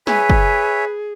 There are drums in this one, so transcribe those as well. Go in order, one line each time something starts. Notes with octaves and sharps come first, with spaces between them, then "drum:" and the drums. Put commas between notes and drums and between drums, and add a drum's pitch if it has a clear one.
G#4 B4 C#5 E5 G#5, drum: snare
drum: kick F#1